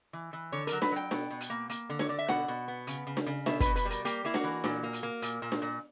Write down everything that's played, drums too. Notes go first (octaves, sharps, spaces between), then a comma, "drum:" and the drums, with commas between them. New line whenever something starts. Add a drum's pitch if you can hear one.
E3
E3
D3 C#5
F#3 A#4, drum: hi-hat
B4, drum: snare D4
F#3 G5
B2, drum: snare D4
B2
drum: hi-hat
A#3
A#3, drum: hi-hat
D3
C#5, drum: snare D4
D3 D5
E5
B2 F#5, drum: snare D4
B2
B3
C#3, drum: hi-hat
C#3
drum: snare D4
C#3
B2 E5, drum: snare D4
B2 B4, drum: kick, hi-hat
B4, drum: hi-hat
G3
A#4, drum: hi-hat
A#3 G4, drum: hi-hat
A#3 E4
F#4, drum: snare D4
E3
A#2, drum: snare D4
A#3
drum: hi-hat
A#3
A#2, drum: hi-hat
A#2
drum: snare D4
A#2